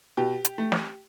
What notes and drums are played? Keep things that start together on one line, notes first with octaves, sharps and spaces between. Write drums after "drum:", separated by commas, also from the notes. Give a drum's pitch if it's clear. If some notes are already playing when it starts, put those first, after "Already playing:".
B2 G4
drum: hi-hat
A3
drum: snare